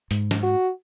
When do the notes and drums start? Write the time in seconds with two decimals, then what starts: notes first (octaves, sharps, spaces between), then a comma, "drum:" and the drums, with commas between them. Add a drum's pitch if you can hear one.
0.11 G#2, drum: hi-hat
0.31 drum: snare
0.43 F#4